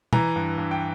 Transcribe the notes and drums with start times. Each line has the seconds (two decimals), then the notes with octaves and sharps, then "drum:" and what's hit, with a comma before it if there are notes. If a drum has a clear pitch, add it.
0.13 E3 A#5, drum: tom
0.36 G2
0.58 G2
0.71 G5